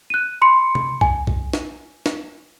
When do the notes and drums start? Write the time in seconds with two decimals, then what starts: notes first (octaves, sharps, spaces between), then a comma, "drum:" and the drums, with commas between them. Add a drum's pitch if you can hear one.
0.10 F#6 D#7
0.42 B5 C6 C#7
0.75 drum: tom C3
1.01 G#5, drum: kick B1
1.27 drum: kick B1
1.53 drum: snare
2.06 drum: snare